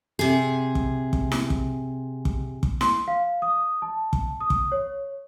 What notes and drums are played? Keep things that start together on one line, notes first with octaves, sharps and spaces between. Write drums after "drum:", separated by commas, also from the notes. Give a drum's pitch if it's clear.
C3 G#4
drum: kick
drum: kick
drum: snare E4
drum: kick
drum: kick
drum: kick
C6, drum: snare E4
F5
D#6
A5
drum: kick
D#6
drum: kick
C#5